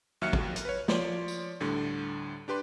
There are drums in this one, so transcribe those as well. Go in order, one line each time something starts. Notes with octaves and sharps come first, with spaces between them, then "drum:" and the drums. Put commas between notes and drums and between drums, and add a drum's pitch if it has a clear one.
D#2 F#3 E5 F6 F#6 C#7
drum: kick
drum: hi-hat
B4 C#5
F3 C#5 D5 C6, drum: snare
drum: tambourine
D2 A2 D3 G3
D4 G4 B4 C6